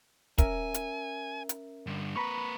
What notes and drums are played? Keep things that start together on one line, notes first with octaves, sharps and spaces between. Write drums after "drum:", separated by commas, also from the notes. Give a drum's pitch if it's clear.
C#4 A#4 E5 G#5, drum: kick, hi-hat
drum: hi-hat
drum: hi-hat
G2 D3
A#3 B4 A#5 B5 C#6